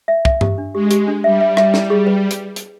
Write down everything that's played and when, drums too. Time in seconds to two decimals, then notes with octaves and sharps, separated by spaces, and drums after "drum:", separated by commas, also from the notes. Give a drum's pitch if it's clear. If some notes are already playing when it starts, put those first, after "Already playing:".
0.08 E5
0.25 E5, drum: kick
0.41 G4, drum: tom G2
0.58 D4
0.74 G#3 G4
0.91 G4, drum: hi-hat
1.08 D4
1.24 G3 E5
1.41 E5
1.57 E5, drum: rim click
1.74 E4, drum: snare
1.90 G#4
2.07 B4
2.31 drum: hi-hat
2.56 drum: hi-hat